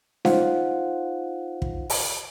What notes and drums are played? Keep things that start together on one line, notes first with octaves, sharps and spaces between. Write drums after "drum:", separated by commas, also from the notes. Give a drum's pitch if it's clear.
D#4 F4 C5 F5 F#5, drum: snare C#4
drum: kick
drum: open hi-hat